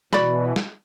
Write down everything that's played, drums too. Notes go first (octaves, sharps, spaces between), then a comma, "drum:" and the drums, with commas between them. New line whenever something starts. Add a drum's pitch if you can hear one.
B2 E3 F#4 D5 B5, drum: snare
drum: snare